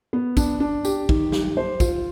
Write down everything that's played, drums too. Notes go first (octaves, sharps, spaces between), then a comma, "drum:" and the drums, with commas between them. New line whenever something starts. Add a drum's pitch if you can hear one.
B3
D4, drum: kick, tambourine
D4
G4, drum: tambourine
D#3, drum: kick
G4, drum: snare
C5
F4, drum: kick, tambourine